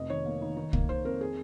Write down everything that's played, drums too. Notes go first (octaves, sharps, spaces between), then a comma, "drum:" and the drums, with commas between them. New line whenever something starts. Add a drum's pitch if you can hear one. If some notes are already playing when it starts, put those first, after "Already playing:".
Already playing: F1 F2 D#5
D#3 C#5
A#3
D#3
D#3
A#3, drum: kick
D#3 C5
F2 A#4
G#4